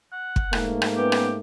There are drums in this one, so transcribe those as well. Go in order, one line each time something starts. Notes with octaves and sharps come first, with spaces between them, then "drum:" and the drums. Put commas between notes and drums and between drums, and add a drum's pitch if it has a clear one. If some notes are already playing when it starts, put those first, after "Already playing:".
F#5
drum: kick
G#2 A3 A#3, drum: rim click
drum: rim click
B3 C#4 G4 B4
drum: rim click